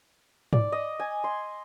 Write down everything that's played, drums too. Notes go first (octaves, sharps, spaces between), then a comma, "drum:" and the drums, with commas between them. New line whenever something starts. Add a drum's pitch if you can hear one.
D5, drum: tom G#2
D#5
G#5
C6